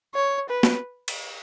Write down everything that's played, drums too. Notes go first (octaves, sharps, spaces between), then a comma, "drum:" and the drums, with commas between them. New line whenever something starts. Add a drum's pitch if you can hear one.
C#5
B4
drum: snare
drum: cymbal